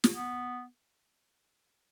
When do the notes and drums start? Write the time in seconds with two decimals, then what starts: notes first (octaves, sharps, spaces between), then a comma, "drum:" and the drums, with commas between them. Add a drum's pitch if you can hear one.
0.04 drum: snare
0.14 B3